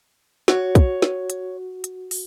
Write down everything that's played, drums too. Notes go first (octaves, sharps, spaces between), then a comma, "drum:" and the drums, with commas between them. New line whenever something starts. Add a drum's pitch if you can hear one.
F#4 C#5, drum: snare
drum: kick, hi-hat
drum: snare
drum: hi-hat
drum: hi-hat
drum: open hi-hat